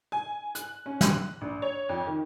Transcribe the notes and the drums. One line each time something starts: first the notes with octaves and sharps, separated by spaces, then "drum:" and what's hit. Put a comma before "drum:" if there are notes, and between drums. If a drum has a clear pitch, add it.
G#5
F#6, drum: hi-hat
C#4
F#6, drum: snare
A#1
C#5
F2
D#3